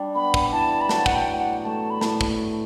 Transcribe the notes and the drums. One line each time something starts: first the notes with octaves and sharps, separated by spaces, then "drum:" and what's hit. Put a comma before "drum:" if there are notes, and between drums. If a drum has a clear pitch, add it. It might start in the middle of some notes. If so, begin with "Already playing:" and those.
Already playing: G3 D4
B3 B5
drum: kick
E3 A5
B5
F#3 A5, drum: snare
F#5, drum: kick
G5
A2
F#5
A3 A5
B5
A2 A5, drum: snare
drum: kick